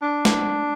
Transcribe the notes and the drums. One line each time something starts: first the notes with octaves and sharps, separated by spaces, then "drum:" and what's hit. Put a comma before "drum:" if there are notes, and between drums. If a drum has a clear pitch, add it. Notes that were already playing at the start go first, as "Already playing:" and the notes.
D4
drum: snare